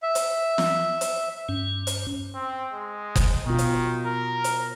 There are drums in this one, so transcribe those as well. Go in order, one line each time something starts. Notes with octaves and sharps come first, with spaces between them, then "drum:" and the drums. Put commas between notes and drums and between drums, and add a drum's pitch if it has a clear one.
E5
drum: hi-hat
drum: snare
drum: hi-hat
G2 C#4
drum: hi-hat
C4
G#3
drum: kick F#1, hi-hat
B2 D#3 F4
drum: hi-hat
A#4
drum: hi-hat